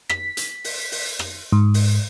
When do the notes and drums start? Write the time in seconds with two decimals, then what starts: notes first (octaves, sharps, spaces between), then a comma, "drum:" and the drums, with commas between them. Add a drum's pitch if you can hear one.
0.10 B6, drum: rim click
0.37 drum: hi-hat
0.64 drum: open hi-hat
0.92 drum: open hi-hat
1.19 drum: rim click
1.52 G#2
1.74 drum: open hi-hat